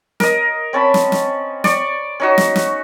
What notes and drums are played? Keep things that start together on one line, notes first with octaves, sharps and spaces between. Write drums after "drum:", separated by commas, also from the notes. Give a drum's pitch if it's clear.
A#4 D#5, drum: snare
C4 C#4 A5 B5
drum: snare
drum: snare
D5 C#6, drum: snare
C#4 D#4 F#4
drum: snare
drum: snare